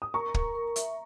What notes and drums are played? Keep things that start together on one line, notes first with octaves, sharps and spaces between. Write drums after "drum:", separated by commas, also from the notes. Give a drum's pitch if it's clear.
D#6
A#4 A#5 C#6
A#4, drum: kick
A#4
E5, drum: hi-hat